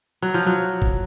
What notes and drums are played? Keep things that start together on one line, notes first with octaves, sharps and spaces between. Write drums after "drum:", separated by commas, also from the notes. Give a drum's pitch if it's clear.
F#3
F3
F#3
drum: kick F#1